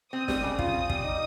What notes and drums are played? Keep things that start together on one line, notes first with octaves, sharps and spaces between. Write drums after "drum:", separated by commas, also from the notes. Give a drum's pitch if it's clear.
C4 D#6
G3, drum: snare
C#3
F4 D#6, drum: kick
C4
G3, drum: kick
D#4